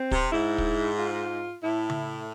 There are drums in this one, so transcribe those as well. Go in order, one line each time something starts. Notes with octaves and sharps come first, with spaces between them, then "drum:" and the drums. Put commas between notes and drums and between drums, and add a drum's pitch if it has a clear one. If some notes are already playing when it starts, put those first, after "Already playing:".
Already playing: C4
C3, drum: kick
G#2 E4
drum: kick
F4
A2 E4
drum: tom C#3